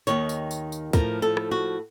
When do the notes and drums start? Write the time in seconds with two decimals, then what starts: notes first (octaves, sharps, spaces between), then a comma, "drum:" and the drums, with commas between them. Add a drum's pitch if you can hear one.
0.07 D#2 D#3 C#5, drum: tambourine
0.29 drum: tambourine
0.51 drum: tambourine
0.72 drum: tambourine
0.93 A2 F3 A#4, drum: kick, tambourine
1.22 A4
1.37 drum: rim click
1.51 F#4